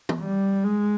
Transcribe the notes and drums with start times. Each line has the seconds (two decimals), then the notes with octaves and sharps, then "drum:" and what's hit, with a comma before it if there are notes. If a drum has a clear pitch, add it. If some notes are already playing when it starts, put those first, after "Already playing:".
0.09 drum: tom
0.21 G3
0.64 G#3